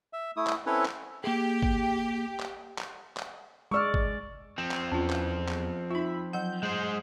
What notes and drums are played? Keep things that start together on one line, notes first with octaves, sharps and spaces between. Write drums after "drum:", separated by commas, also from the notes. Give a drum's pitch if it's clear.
E5
A3 E4 D#6
drum: clap
C4 C#4 E4 A4 B4 C#5
drum: clap
A#3 G4 G#4
drum: kick
drum: clap
drum: clap
drum: clap
G#3 D5 C#6 E6 F6
drum: kick
F3 C4
drum: clap
E2 C#4 F4
drum: clap
drum: clap
D#4 F4 E5 B5
F#3 F#5 G6
G#3 C5